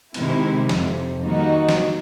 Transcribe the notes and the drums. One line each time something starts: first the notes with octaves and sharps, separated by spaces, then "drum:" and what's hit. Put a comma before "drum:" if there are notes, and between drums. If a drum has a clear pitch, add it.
C3 D#3 G#3 C4 E4, drum: cymbal
F2 C3 F3, drum: snare
D#3 G3 A#3 D#4 F#4
drum: snare